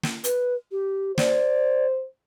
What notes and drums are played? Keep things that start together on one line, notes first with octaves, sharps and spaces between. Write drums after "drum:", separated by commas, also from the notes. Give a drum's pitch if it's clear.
drum: snare
B4, drum: hi-hat
G4
C5 D5, drum: snare